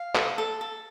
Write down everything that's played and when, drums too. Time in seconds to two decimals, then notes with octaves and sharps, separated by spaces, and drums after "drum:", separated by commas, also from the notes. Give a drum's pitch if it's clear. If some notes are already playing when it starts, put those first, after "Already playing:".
Already playing: F5
0.15 A4, drum: clap
0.38 A4
0.61 A4